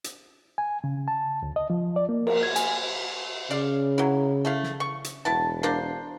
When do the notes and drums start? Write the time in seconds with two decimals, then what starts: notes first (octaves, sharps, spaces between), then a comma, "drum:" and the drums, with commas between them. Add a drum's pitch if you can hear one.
0.04 drum: hi-hat
0.58 G#5
0.84 C#3
1.08 A5
1.43 D2
1.56 D#5
1.70 F3
1.96 D5
2.09 A#3
2.27 A#4, drum: cymbal
2.43 G#6
2.56 G#5, drum: hi-hat
3.51 C#3 D5 F5
3.98 F#3 E4
4.45 A3 E4 F5
4.63 drum: snare
4.80 C#6
5.04 drum: hi-hat
5.25 E1 B3 E4 A5
5.63 A#3 D4 C5